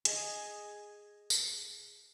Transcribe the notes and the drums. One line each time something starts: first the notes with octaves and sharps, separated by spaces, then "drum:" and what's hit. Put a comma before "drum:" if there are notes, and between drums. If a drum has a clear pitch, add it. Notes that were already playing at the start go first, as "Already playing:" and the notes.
G#4 D#5, drum: hi-hat
drum: tambourine